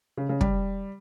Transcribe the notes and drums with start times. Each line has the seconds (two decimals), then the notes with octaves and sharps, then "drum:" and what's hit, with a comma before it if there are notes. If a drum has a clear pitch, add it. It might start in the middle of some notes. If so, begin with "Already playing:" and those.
0.17 C#3
0.29 C#3
0.41 G3, drum: kick